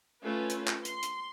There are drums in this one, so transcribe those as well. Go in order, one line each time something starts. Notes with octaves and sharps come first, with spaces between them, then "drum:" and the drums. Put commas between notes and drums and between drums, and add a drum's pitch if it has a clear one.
A3 C#4 F4 B4
drum: hi-hat
drum: clap
C6, drum: hi-hat
drum: hi-hat